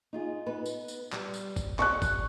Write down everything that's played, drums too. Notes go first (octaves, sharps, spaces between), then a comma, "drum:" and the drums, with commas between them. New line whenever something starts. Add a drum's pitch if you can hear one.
D#4 F4 G#4
B3 D#4 B4
drum: tambourine
drum: tambourine
G3, drum: clap
drum: tambourine
drum: kick, tambourine
G4 D5 C#6 F#6, drum: clap
drum: kick, tambourine